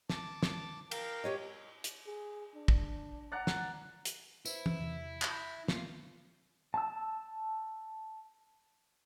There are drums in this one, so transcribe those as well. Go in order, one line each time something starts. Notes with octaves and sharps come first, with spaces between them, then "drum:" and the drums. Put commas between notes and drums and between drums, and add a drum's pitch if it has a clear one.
A5 D6, drum: snare
drum: snare
A#4 F5 G5, drum: cymbal
G4 C#5 D#5
drum: hi-hat
G#4
D4
drum: kick
D5 F#5 A#5
drum: snare
drum: hi-hat
E4 B4 C5, drum: tambourine
drum: tom
E2 C3
drum: clap
B5 G6 A#6
A#3 B3 F4, drum: snare
A5 E6